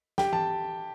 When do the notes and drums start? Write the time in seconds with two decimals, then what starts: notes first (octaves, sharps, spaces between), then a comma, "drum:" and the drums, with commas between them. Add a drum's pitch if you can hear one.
0.18 G4 G5, drum: snare
0.33 A5, drum: tom E3